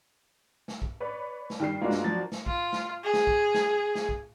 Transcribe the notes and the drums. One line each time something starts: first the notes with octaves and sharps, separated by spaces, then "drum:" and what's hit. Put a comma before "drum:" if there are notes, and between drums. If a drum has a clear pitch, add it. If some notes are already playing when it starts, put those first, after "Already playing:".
drum: snare
drum: kick
B4 C#5 D5
drum: snare
D#3 G3 G5 C7
G2 G#3 A#3 D4 F4 F#4
drum: snare
F3 F#3 A6
drum: snare
F4, drum: kick
drum: snare
G#4
drum: snare
drum: kick
drum: snare
drum: snare
drum: kick